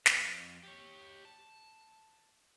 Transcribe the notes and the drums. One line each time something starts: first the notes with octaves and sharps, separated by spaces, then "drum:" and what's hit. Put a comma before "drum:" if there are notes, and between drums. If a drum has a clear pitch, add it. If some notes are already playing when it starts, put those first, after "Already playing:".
F2 F5, drum: snare
G4 C#5
A5